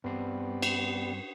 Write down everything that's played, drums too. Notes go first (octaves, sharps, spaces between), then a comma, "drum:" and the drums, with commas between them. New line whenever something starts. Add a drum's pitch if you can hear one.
G2 G3 B3 C4
drum: cymbal